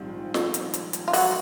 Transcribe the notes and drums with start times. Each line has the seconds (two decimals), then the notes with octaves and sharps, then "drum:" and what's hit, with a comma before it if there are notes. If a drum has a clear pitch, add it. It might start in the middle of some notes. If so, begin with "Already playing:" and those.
Already playing: A#1 G#2 D#3 G3 C4
0.34 drum: snare
0.54 drum: hi-hat
0.74 drum: hi-hat
0.93 drum: hi-hat
1.08 F4
1.13 F#3 F#4, drum: open hi-hat